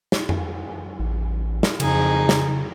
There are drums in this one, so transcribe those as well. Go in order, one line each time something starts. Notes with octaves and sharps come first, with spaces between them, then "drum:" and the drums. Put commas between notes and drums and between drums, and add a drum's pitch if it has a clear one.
drum: snare
drum: tom F2
A1
drum: snare
F2 C#3 D#4 G#4, drum: cymbal
drum: snare